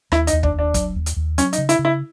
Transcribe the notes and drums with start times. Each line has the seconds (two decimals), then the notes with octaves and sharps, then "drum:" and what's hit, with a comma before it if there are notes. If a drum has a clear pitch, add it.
0.12 D#2 E4, drum: rim click
0.27 D#4, drum: hi-hat
0.33 D#2
0.43 D4, drum: kick
0.54 D#2 D4
0.74 F#3, drum: kick, hi-hat
0.96 D#2
1.06 drum: hi-hat
1.17 D#2
1.38 F#3 C#4, drum: hi-hat
1.53 D#4, drum: hi-hat
1.58 C#3
1.69 E4, drum: hi-hat
1.79 C#3
1.85 E4